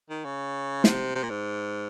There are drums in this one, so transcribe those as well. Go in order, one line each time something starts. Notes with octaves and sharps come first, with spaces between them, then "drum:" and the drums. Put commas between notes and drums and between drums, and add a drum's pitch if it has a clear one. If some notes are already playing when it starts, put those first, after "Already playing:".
D#3
C#3
C3, drum: snare
C3
A#2
G#2